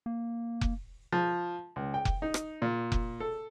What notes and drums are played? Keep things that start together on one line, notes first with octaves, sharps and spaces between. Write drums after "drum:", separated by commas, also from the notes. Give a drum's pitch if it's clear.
A#3
drum: kick F1
F3
C#2
G5
drum: kick F1
D#4
drum: rim click
A#2
drum: kick F1
A4